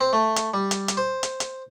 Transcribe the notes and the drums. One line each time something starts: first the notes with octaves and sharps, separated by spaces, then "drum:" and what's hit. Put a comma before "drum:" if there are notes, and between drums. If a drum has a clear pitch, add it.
C4
A3
drum: hi-hat
G3
drum: hi-hat
drum: hi-hat
C5
drum: hi-hat
drum: hi-hat